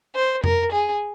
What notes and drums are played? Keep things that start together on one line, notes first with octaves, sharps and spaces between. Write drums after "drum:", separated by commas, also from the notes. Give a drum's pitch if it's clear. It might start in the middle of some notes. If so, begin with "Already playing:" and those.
C5
A#4, drum: tom F2
G#4